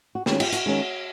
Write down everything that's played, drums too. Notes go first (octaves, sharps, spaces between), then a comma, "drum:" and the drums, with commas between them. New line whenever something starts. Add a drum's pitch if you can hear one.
F#4
D#3 G#3 C#4 F4 G4, drum: snare
F4 G4, drum: cymbal
F#4, drum: hi-hat
D#3 G#3 C#4